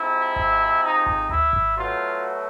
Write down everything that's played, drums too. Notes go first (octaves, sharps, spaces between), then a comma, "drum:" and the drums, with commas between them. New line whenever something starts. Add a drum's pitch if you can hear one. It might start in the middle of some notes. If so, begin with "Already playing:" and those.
Already playing: C3 F3 G#3 E4
drum: kick G#1
D#4
drum: kick G#1
E4, drum: tom D2
drum: kick G#1
B2 F#3 A3 F4